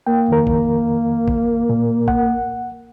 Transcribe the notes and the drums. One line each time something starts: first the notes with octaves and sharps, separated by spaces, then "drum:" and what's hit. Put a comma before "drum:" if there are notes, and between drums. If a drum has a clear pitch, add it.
A#3 G5
F2 D#3 A#4
drum: kick A1
drum: kick A1
A#2
F#5, drum: kick A1